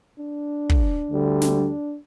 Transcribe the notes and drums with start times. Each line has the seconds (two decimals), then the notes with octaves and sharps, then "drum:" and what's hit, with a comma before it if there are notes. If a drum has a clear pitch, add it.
0.18 D4
0.70 drum: kick
1.10 D2 D3 G3
1.42 drum: snare
1.54 D4